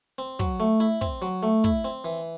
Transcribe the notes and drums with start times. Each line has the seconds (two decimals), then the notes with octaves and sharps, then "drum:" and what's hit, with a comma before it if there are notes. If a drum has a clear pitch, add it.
0.18 C4
0.39 F#3, drum: kick
0.60 A3
0.80 E4
1.01 C4, drum: kick
1.22 F#3
1.43 A3
1.64 E4, drum: kick
1.85 C4
2.04 E3